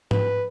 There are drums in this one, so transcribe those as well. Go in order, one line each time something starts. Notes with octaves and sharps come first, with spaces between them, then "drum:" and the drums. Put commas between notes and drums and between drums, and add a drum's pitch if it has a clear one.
B4, drum: tom G#2